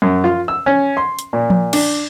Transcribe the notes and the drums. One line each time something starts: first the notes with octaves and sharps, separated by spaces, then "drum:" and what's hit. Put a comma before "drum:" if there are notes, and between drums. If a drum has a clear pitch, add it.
F#2
F4
E6
C#4
C6
drum: hi-hat
A#2
drum: tom F3
D4, drum: cymbal